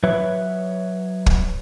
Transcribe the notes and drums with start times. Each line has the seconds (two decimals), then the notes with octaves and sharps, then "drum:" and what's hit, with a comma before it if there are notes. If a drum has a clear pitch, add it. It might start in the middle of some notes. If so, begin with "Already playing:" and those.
0.03 F#3 B4 C#5 E5
1.26 drum: kick